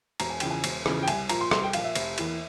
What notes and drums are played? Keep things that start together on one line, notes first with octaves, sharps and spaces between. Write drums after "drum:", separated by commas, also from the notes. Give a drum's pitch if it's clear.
E1 A#5, drum: cymbal
G#5
E2 C#3 F3 G5, drum: cymbal
G#5
E1, drum: cymbal
E2 C#3 F3, drum: rim click
G5
C2 G#5, drum: cymbal
A#2 F3 A#5, drum: cymbal
C6
C2 C6, drum: rim click
G5
A#2 F3 F5, drum: cymbal
E5
F1, drum: cymbal
E2 E3 A#3, drum: cymbal